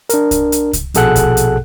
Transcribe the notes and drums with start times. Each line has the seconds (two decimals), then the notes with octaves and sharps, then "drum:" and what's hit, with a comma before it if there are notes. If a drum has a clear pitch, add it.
0.09 D4 A#4, drum: hi-hat
0.31 drum: kick C2, hi-hat
0.52 drum: hi-hat
0.73 drum: kick C2, hi-hat
0.94 A#1 B2 G#4 A4 F#5 F#6, drum: hi-hat
1.16 drum: kick C2, hi-hat
1.37 drum: hi-hat